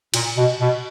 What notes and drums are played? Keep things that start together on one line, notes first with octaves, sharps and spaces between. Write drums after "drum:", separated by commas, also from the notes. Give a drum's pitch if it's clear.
A#2, drum: cymbal
B2
B2